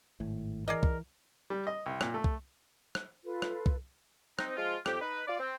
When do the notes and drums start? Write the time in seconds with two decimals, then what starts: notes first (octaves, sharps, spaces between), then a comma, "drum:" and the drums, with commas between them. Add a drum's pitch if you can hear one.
0.20 G#1 A2
0.68 E3 G#4 A#4 D5 D#5
0.83 drum: kick
1.50 G3
1.67 D#5
1.86 C2
2.01 A#2, drum: rim click
2.14 A3
2.24 drum: kick
2.95 drum: rim click
3.24 F4 A4 B4
3.42 drum: rim click
3.66 drum: kick
4.39 C4 D#4, drum: rim click
4.56 F3 G#3 F4
4.86 F2 G4, drum: rim click
5.01 D#4 B4
5.28 F4 D5
5.40 C4